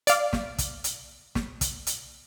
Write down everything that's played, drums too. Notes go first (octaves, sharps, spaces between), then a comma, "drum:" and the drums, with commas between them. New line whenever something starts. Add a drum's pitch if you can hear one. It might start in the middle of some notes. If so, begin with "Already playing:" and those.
D5 F5, drum: hi-hat
drum: snare
drum: kick, hi-hat
drum: hi-hat
drum: snare
drum: kick, hi-hat
drum: hi-hat